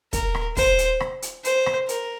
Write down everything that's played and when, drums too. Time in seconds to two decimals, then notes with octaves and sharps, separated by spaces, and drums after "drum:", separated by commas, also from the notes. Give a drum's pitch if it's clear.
0.13 A#4, drum: kick, hi-hat
0.35 drum: rim click
0.57 C5, drum: kick, open hi-hat
0.78 drum: hi-hat
1.00 drum: rim click
1.22 drum: hi-hat
1.45 C5, drum: hi-hat
1.66 drum: rim click
1.89 A#4, drum: hi-hat